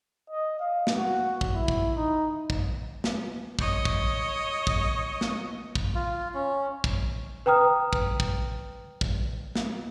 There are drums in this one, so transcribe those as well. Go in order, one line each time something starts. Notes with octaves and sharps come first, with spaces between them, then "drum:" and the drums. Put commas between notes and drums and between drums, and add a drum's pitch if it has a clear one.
D#5
F5
drum: snare
F#4
drum: kick
E4
drum: kick
D#4
drum: kick
drum: snare
C#5 D#5, drum: kick
drum: kick
drum: kick
drum: snare
drum: kick
F4
C#4
drum: kick
B4 G5 A#5 D#6 F6
drum: kick
drum: kick
drum: kick
drum: snare